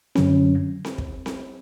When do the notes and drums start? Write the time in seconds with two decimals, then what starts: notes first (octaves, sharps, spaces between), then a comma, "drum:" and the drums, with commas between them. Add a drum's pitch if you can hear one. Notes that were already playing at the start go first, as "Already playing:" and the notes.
0.15 F#2 D3 F#3 C#4, drum: snare C4
0.85 drum: snare C4
0.98 drum: kick
1.26 drum: snare C4